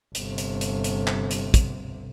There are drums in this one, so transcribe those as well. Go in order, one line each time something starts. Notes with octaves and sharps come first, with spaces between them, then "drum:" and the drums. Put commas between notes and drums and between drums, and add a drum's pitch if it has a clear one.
G1 C3, drum: hi-hat
drum: hi-hat
drum: hi-hat
drum: hi-hat
drum: clap
drum: hi-hat
drum: kick, hi-hat